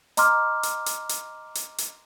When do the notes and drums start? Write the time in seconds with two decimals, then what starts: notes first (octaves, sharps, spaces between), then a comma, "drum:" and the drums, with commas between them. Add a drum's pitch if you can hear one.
0.17 D#5 A#5 C6 D6 F6, drum: hi-hat
0.63 drum: hi-hat
0.86 drum: hi-hat
1.09 drum: hi-hat
1.55 drum: hi-hat
1.78 drum: hi-hat